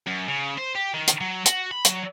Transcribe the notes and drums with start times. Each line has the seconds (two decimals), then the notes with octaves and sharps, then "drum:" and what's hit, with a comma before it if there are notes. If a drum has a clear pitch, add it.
0.07 F#2
0.28 C#3
0.58 C5
0.75 G4
0.94 D#3
1.07 drum: hi-hat
1.21 F#3
1.46 F#4, drum: hi-hat
1.71 B5
1.85 F#3, drum: hi-hat